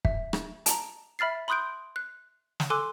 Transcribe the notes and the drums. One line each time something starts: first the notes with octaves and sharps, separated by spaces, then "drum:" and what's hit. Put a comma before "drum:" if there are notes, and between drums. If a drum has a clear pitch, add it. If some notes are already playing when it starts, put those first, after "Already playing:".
E5, drum: kick
drum: rim click
A5 A#5, drum: hi-hat
E5 B5 F6 A6 C7
B5 C6 D#6 F#6 G6 D7
F#6
drum: snare
A4 G#5 C6 D6 E6 F#6